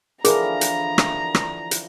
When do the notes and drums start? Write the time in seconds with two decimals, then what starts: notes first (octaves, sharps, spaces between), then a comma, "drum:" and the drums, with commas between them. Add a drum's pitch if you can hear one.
0.25 D3 E3 F3 G#4 A#4 A#5, drum: hi-hat
0.61 drum: hi-hat
0.98 drum: rim click
1.35 drum: rim click
1.71 drum: hi-hat